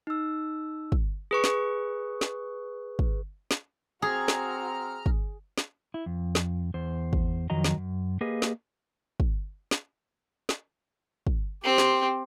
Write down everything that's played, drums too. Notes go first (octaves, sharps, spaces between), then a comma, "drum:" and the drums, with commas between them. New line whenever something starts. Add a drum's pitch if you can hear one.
D#4 E6
drum: kick
G#4 B4 C#6
drum: snare
drum: snare
drum: kick
drum: snare
C4 F#4 G#4 A#5 F6
drum: snare
drum: kick
drum: snare
E4
F2
drum: snare
E2 C5
drum: kick
F2 D#3 F#3 D#5 A#5
drum: snare
F#2
A#3 G4 G#4 B4 D#5 F5
drum: snare
drum: kick
drum: snare
drum: snare
drum: kick
C4 G4 C5
drum: snare